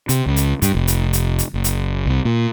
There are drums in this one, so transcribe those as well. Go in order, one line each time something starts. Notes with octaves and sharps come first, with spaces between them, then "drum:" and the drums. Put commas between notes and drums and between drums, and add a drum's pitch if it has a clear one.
C3, drum: hi-hat
C#2
drum: hi-hat
G2, drum: kick, hi-hat
F1
drum: hi-hat
drum: hi-hat
drum: hi-hat
F#1
drum: hi-hat
C2
A#2